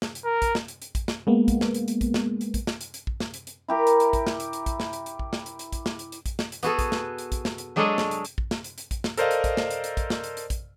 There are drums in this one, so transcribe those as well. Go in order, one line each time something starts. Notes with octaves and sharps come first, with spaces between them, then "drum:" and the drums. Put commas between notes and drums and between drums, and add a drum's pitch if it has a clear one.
drum: snare
drum: hi-hat
A#4
drum: kick, hi-hat
drum: snare
drum: hi-hat
drum: hi-hat
drum: kick, hi-hat
drum: snare
G#3 A#3 B3
drum: kick, hi-hat
drum: snare
drum: hi-hat
drum: hi-hat
drum: kick, hi-hat
drum: snare
drum: hi-hat
drum: kick, hi-hat
drum: snare
drum: hi-hat
drum: hi-hat
drum: kick
drum: snare
drum: hi-hat
drum: hi-hat
E4 G4 A#4
drum: hi-hat
drum: hi-hat
drum: kick, hi-hat
drum: snare
drum: hi-hat
drum: hi-hat
drum: kick, hi-hat
drum: snare
drum: hi-hat
drum: hi-hat
drum: kick
drum: snare
drum: hi-hat
drum: hi-hat
drum: kick, hi-hat
drum: snare
drum: hi-hat
drum: hi-hat
drum: kick, hi-hat
drum: snare
drum: hi-hat
B3 F#4 G#4 A4, drum: hi-hat
drum: kick, hi-hat
drum: snare
drum: hi-hat
drum: kick, hi-hat
drum: snare
drum: hi-hat
F#3 G#3 D4 A4 C#5 D#5
drum: snare
drum: hi-hat
drum: hi-hat
drum: kick
drum: snare
drum: hi-hat
drum: hi-hat
drum: kick, hi-hat
drum: snare
A4 A#4 C5 D5 D#5 F5, drum: hi-hat
drum: hi-hat
drum: kick, hi-hat
drum: snare
drum: hi-hat
drum: hi-hat
drum: kick, hi-hat
drum: snare
drum: hi-hat
drum: hi-hat
drum: kick, hi-hat